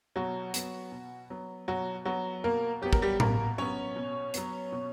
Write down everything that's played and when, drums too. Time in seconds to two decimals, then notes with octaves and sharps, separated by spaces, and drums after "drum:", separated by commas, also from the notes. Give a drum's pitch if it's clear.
0.16 B2 F#3 F#4
0.54 F#3 B3, drum: hi-hat
0.92 B2
1.30 F#3 B3
1.68 B2 F#3 F#4
2.05 F#3 B3 F#4
2.44 B2 A#3 A#4
2.82 F#3 B3 G4
2.93 A#4, drum: kick
3.02 G3 G4
3.20 B2 A#3 A#4, drum: tom A2
3.58 F#3 B3 C#4 C#5
3.96 B2
4.34 F#3 B3, drum: hi-hat
4.72 B2